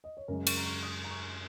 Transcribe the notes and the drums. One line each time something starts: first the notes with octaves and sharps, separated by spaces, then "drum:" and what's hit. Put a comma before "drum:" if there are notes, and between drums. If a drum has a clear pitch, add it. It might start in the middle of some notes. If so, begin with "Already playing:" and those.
D#5
C#5
F#2 C#3 G#3 A#4
C#6, drum: cymbal
A#5
C#6
D#6
A#5
C#6